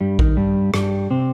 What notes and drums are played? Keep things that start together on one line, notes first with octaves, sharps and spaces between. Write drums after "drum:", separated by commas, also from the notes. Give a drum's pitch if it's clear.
G2 G3
D#3, drum: kick A#1
G2 G3
G2 G3, drum: rim click
C3 C4